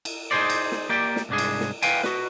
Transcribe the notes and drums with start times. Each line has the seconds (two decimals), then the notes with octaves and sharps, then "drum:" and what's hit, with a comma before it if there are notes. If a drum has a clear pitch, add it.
0.05 drum: cymbal
0.31 D#4 G#4 C5 D5
0.50 drum: cymbal
0.72 drum: snare
0.89 A#3 G4 D5
1.16 drum: snare
1.29 C2 G#2 D4 G#4
1.38 drum: cymbal
1.60 drum: snare
1.83 B4 F5 G5 G#5, drum: cymbal
2.03 F#4 B4, drum: snare